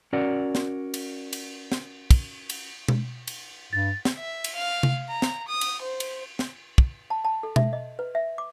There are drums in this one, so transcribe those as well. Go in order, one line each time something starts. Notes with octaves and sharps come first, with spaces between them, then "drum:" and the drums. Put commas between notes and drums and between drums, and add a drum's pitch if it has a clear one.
C#4 F#4 A#4 D5 F#5
drum: snare
drum: cymbal
drum: cymbal
drum: snare
drum: kick, cymbal
drum: cymbal
drum: tom B2
drum: cymbal
G2 A6
drum: snare
E5
drum: cymbal
F5
drum: tom C3
A#5
drum: snare
D#6
drum: cymbal
C5
drum: cymbal
drum: snare
drum: kick
A5
A5
A4
E5, drum: tom B2
D#5
B4
E5
D6